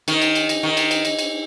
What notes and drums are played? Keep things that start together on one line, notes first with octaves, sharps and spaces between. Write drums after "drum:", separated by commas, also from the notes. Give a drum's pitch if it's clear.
D#3, drum: cymbal
drum: cymbal
drum: cymbal
drum: cymbal
D#3
drum: cymbal
drum: cymbal
drum: cymbal
drum: cymbal